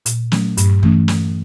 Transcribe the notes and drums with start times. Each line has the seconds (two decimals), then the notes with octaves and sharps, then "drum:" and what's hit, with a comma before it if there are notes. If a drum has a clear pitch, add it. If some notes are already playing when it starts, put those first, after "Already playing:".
0.06 A#2, drum: hi-hat
0.32 F#3 A3 C#4, drum: snare
0.57 G2, drum: hi-hat
0.83 E3 A3 C#4, drum: kick
1.08 drum: snare